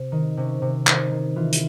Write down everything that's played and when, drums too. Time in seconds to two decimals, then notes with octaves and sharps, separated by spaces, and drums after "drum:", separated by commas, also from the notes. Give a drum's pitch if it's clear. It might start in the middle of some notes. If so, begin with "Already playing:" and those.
Already playing: C3
0.12 D#3
0.37 C3 C#4
0.62 C3
0.87 D#3, drum: clap
1.11 D#3
1.36 E3 F4
1.53 drum: hi-hat